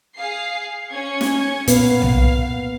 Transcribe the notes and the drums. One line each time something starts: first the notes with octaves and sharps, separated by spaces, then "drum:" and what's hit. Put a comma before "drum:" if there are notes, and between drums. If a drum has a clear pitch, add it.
G#4 F5 C7
C#4 G#6 C#7
drum: snare
A#2 B3 B4 F5, drum: hi-hat
drum: tom B1